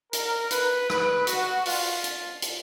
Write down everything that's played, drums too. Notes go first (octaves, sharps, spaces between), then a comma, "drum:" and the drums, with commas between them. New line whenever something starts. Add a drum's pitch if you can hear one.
A#4, drum: hi-hat
B4, drum: hi-hat
B4, drum: rim click
F#4, drum: hi-hat
F4, drum: open hi-hat
drum: hi-hat
drum: hi-hat